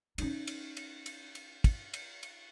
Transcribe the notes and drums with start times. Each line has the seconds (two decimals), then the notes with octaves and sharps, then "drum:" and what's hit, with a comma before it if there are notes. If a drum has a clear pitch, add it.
0.18 C#4 D#4, drum: cymbal
0.47 drum: cymbal
0.77 drum: cymbal
1.06 drum: cymbal
1.35 drum: cymbal
1.64 drum: kick, cymbal
1.94 drum: cymbal
2.23 drum: cymbal